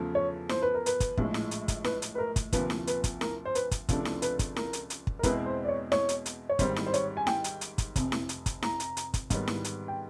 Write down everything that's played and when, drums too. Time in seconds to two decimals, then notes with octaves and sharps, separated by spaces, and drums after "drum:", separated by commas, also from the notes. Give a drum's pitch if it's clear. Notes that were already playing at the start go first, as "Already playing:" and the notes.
Already playing: E2 C#3 F3 A3
0.15 C#5
0.49 C5, drum: snare E4
0.62 B4
0.74 A#4
0.86 B4, drum: hi-hat
1.00 drum: kick, hi-hat
1.17 A#1 A2 F3 G#3, drum: kick
1.34 drum: snare E4
1.51 drum: hi-hat
1.68 drum: kick, hi-hat
1.84 B4, drum: snare E4
2.02 drum: hi-hat
2.15 B4
2.18 A#4
2.36 drum: kick, hi-hat
2.53 D2 C3 F3 A#3 B4, drum: kick, hi-hat
2.70 drum: snare E4
2.87 B4, drum: hi-hat
3.04 drum: kick, hi-hat
3.21 A#4, drum: snare E4
3.45 C5
3.55 B4, drum: hi-hat
3.71 drum: kick, hi-hat
3.89 C#2 C3 F3 A3 D4, drum: kick, hi-hat
4.05 drum: snare E4
4.22 B4, drum: hi-hat
4.39 drum: kick, hi-hat
4.56 A#4, drum: snare E4
4.73 drum: hi-hat
4.90 drum: hi-hat
5.07 drum: kick
5.19 A#4
5.23 E2 B2 G#3 C4 E4 B4, drum: kick, hi-hat
5.46 C5
5.65 D5
5.69 C#5
5.92 C#5, drum: snare E4
6.09 drum: hi-hat
6.26 drum: hi-hat
6.49 C#5
6.59 G#1 G#2 D#3 G3 C5, drum: kick, hi-hat
6.76 drum: snare E4
6.86 C5
6.94 C#5, drum: hi-hat
7.17 G#5
7.27 G5, drum: snare E4
7.44 drum: hi-hat
7.61 drum: hi-hat
7.78 drum: kick, hi-hat
7.96 F1 F2 C3, drum: kick, hi-hat
8.12 drum: snare E4
8.29 drum: hi-hat
8.46 drum: kick, hi-hat
8.63 A#5, drum: snare E4
8.80 drum: hi-hat
8.97 drum: hi-hat
9.14 drum: kick, hi-hat
9.30 G#2 D#3 G3 B3, drum: kick, hi-hat
9.48 drum: snare E4
9.64 drum: hi-hat
9.88 G5